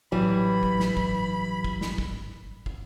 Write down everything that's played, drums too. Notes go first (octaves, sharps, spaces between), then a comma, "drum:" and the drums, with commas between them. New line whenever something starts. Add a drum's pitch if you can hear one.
A1 E3 F#3 G3 B5
drum: kick
drum: snare
drum: kick
drum: kick
drum: snare
drum: kick
drum: kick